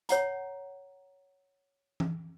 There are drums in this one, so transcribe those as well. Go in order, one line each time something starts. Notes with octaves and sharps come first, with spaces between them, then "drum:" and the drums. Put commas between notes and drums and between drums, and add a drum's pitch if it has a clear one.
C#5 F#5 A#5, drum: hi-hat
drum: tom E3